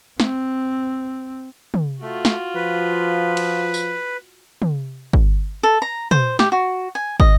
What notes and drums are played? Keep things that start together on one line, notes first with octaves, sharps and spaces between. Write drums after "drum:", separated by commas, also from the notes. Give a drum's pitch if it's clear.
C4, drum: snare
drum: tom
A3 F4 F#4
drum: snare
F3 B4
drum: cymbal
drum: tambourine
drum: tom
drum: kick
A4
A#5
C5, drum: tom
G4, drum: snare
F#4
G#5
D#5, drum: kick